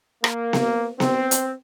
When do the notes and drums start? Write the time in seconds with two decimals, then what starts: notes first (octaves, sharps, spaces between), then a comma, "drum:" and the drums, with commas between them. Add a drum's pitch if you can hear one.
0.24 A#3, drum: rim click
0.53 drum: snare B3
1.00 C4, drum: snare B3
1.31 drum: hi-hat